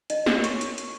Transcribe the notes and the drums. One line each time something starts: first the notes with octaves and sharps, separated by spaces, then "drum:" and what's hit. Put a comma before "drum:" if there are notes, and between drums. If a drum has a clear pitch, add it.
D#4 D#5, drum: hi-hat
C6, drum: snare
F#4 A#4 C#5
C#6, drum: hi-hat
D#4, drum: hi-hat
drum: hi-hat